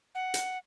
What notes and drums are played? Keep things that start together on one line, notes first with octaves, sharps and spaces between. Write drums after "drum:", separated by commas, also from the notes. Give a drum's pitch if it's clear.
F#5
drum: hi-hat